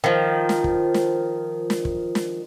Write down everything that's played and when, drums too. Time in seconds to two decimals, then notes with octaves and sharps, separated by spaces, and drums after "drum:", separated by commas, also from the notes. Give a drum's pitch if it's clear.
0.04 D#3 F3
0.49 drum: snare
0.64 drum: kick
0.94 drum: snare
1.70 drum: snare
1.85 drum: kick
2.15 drum: snare